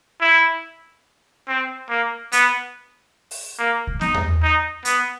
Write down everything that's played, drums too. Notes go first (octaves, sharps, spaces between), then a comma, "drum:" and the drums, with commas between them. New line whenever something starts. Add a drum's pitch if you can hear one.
E4
C4
A#3
B3, drum: hi-hat
drum: open hi-hat
A#3
drum: kick C2
D#4, drum: snare B3
drum: tom E2
D#4
B3, drum: hi-hat